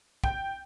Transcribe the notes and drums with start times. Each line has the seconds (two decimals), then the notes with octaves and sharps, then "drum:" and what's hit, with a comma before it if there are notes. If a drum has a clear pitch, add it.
0.24 G5, drum: kick